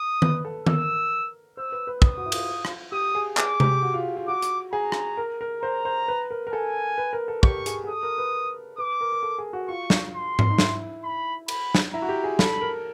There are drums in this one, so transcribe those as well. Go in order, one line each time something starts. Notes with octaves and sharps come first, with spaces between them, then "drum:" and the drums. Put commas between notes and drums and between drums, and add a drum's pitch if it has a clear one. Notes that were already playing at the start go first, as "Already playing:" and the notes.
Already playing: D#6
B4, drum: tom D#3
A4
A#4 E6, drum: tom D#3
C5 E6
B4
B4
D#6, drum: kick
F#4
E4
F4, drum: cymbal
drum: rim click
G4 D#6
G#4
G#4 D6, drum: clap
G4, drum: tom C3
F#4
F4
F4
F#4 D6
drum: hi-hat
G#4 A#5
drum: rim click
A#4
A#4
C5 A#5
C5
B4
A#4
A#4
A4 G#5
B4
A#4
A4
G4 C#6, drum: kick
G#4, drum: hi-hat
G#4
A4 D#6
A#4
B4
B4 D6
A#4
A#4
A4
G#4
F#4
F4 C#6
drum: snare
C6
drum: tom G#2
D#4
E4, drum: snare
B5
B5, drum: cymbal
drum: snare
E4 A#5
F#4
G4
G#4
A4 B5, drum: snare
A#4